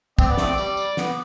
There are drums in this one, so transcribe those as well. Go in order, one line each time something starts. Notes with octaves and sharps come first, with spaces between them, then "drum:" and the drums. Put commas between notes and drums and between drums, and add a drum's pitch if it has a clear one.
C4 D5, drum: kick, tambourine
B3
A3, drum: snare
C4
G3, drum: tambourine
drum: tambourine
B3, drum: snare